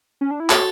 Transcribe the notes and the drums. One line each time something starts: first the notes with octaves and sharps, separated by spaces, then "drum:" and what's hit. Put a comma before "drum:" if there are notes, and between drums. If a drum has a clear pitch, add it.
C#4
D4
E4
F#4 A4 C#5, drum: clap